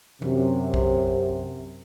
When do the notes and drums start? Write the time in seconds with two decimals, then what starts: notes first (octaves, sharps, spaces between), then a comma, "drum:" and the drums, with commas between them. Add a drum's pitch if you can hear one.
0.22 F#2 C3, drum: tom E3
0.74 drum: kick